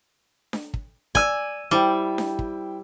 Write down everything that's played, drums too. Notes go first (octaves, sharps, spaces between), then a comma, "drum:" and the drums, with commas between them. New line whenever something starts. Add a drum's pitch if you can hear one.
drum: snare D4
drum: kick
D5 G#5 E6, drum: kick
G3 E4 C5 G5
drum: snare D4
drum: kick